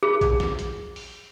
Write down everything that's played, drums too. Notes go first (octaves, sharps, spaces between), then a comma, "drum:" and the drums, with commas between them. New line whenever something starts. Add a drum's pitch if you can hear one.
G#4
drum: kick A#1, hi-hat
drum: snare
drum: hi-hat
drum: open hi-hat